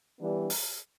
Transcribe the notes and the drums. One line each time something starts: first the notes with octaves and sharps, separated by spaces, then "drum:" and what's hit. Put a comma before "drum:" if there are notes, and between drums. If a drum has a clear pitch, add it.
E3 G3 B3 D4
drum: open hi-hat